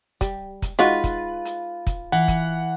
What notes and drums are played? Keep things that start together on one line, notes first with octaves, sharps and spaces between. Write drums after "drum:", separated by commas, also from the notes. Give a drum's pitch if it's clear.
G3, drum: kick, hi-hat
drum: kick, hi-hat
G#3 D#4 F4 F#4 B4
drum: kick, hi-hat
drum: hi-hat
drum: kick, hi-hat
E3 F#5
drum: kick, hi-hat